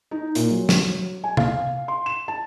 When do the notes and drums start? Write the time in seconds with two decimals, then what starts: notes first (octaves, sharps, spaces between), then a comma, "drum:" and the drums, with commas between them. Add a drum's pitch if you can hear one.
0.11 D#4
0.35 A#2, drum: hi-hat
0.50 F#3
0.69 drum: snare
1.24 G#5
1.37 F5, drum: tom
1.88 C6
2.06 E7
2.28 A5